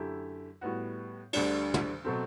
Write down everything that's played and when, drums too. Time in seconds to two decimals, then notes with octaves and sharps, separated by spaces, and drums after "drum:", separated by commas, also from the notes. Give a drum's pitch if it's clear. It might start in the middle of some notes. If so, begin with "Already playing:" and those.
Already playing: F#2 D3 A3 E4 G4
0.61 A2 G3 B3 F#4
1.33 D2 D3 G3 D4, drum: cymbal
1.74 drum: tom
2.04 B2 F#3 A3 C4